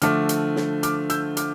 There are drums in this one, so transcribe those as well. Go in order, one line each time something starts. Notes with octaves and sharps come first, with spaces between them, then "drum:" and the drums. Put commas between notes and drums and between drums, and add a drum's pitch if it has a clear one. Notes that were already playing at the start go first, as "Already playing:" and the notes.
D3 F3 A3 D6 F6, drum: hi-hat
drum: hi-hat
drum: snare
D6 F6, drum: hi-hat
E6 G6, drum: hi-hat
D6 F6, drum: hi-hat